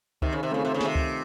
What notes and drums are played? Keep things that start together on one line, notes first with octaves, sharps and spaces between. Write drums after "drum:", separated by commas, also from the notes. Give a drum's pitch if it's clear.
C3 D#3, drum: kick C#2
C#3
C3
C#3 A3 C4 F4
C3
C#3
C3 D#3, drum: snare
drum: kick C#2